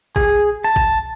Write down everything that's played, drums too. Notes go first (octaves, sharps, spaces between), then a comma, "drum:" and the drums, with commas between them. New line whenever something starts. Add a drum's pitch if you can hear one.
G#4, drum: kick A1
A5
drum: kick A1